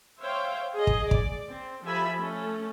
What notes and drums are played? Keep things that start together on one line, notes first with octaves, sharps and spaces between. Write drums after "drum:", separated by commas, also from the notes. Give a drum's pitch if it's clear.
C5 C#5 E5 F5 G5
G#4 D#5
drum: kick
D5, drum: kick
C4
F3 G4 A4 E5 G#5 B5
A3 C#4 A4